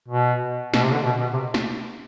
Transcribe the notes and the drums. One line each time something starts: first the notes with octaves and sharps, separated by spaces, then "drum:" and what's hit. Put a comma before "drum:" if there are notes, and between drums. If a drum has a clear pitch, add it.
B2
B2, drum: snare
C3
D3
B2
B2
C3
drum: snare